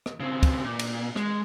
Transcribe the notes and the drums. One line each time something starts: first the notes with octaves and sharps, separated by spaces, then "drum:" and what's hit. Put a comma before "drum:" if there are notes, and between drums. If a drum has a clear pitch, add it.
drum: rim click
C#3 C4
drum: kick, cymbal
A#2
drum: cymbal
G#3, drum: rim click